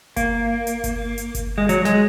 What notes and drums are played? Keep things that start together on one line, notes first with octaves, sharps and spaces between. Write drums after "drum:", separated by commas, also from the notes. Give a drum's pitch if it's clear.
A#3, drum: kick G1, hi-hat
drum: hi-hat
drum: kick G1, hi-hat
drum: hi-hat
drum: kick G1, hi-hat
G#3
F#3, drum: hi-hat
G#3, drum: snare